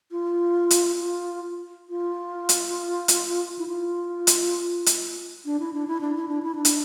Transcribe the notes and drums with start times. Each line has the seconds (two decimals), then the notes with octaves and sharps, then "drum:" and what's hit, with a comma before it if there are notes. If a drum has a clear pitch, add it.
0.11 F4
0.71 drum: hi-hat
1.00 F4
1.89 F4
2.49 drum: hi-hat
3.08 drum: hi-hat
3.59 E4
3.68 F4
4.27 drum: hi-hat
4.86 drum: hi-hat
5.46 D4
5.60 E4
5.73 D4
5.87 E4
6.01 D4
6.15 E4
6.28 D4
6.42 E4
6.55 D4
6.65 drum: hi-hat